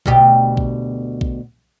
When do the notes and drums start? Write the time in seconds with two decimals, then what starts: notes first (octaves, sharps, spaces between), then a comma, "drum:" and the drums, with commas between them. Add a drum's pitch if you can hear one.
0.06 D2 B2 G4, drum: kick A#1
0.57 drum: kick A#1
1.21 drum: kick A#1